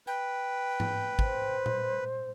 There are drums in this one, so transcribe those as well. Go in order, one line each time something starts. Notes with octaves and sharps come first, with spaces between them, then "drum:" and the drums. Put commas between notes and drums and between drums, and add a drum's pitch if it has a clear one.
B4 G5
drum: tom G#2
C5, drum: kick
drum: tom A#2